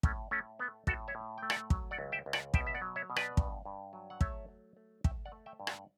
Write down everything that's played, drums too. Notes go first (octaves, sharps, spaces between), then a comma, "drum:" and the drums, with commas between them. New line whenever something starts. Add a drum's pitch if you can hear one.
A2 A3 C#4, drum: kick
A2 A3 C#4
A3 B3
A2 F#4 A4, drum: kick
C#5 E5
A2
A3 G5
D5 F#5, drum: rim click
F#3, drum: kick
D5 F#5
C#2
E5 G5
C#2
D5 F#5, drum: rim click
B2 E5 G5, drum: kick
E5
D5 F#5
F#3
C#5 E5
B2
B4 D5, drum: rim click
G2, drum: kick
G2
F#3
F#5
A3 C#5 E5, drum: kick
F#3
A3
A3 E5 G5, drum: kick
D5 F#5
A3
E5 G5
G2
D5 F#5, drum: rim click